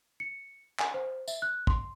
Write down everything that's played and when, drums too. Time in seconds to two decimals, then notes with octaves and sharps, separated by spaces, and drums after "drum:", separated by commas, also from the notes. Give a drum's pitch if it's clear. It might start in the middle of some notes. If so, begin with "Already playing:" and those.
0.20 C#7
0.79 G#5, drum: clap
0.94 C5
1.28 E5, drum: tambourine
1.42 F#6
1.67 C6, drum: kick